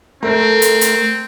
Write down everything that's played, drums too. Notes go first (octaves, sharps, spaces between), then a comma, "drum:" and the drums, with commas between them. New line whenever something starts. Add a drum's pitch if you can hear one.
A3 C4 A#4
drum: hi-hat
drum: hi-hat